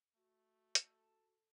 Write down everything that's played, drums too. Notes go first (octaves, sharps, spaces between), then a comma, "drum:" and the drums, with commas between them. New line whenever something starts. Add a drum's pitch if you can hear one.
A3 F#4
A4, drum: hi-hat